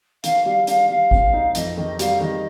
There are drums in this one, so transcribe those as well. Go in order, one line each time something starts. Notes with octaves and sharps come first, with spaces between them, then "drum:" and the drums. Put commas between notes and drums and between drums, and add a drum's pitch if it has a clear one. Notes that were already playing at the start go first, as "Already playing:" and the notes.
D#3 F5, drum: hi-hat
G3 F5
D4 F5, drum: hi-hat
G3 F5
C4, drum: kick G#1
D#4
F2 D#5, drum: hi-hat
D#3 D#5
G3 F5, drum: hi-hat
D#3 D#5